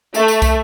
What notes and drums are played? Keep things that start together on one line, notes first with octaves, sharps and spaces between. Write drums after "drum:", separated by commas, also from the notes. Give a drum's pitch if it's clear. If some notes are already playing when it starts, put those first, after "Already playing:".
A3, drum: tambourine
drum: tambourine
drum: kick, tambourine